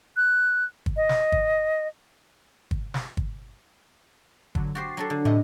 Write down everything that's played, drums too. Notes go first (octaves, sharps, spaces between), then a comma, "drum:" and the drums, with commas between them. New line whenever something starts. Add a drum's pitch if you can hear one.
F#6
drum: kick
D#5
drum: snare
drum: kick
drum: kick
drum: snare
drum: kick
D3 F#3, drum: kick
F#4 G4 C5 A6 C7
F#3 D4 A4
D3
A2 C3 D#5